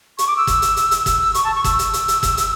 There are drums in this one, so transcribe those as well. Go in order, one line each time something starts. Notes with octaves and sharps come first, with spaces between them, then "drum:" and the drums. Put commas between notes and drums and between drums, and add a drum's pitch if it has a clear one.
C#6, drum: hi-hat
D6
E6
drum: kick, hi-hat
drum: hi-hat
drum: hi-hat
drum: hi-hat
E6, drum: kick, hi-hat
C#6, drum: hi-hat
A5
C#6
E6, drum: kick, hi-hat
drum: hi-hat
drum: hi-hat
drum: hi-hat
drum: kick, hi-hat
drum: hi-hat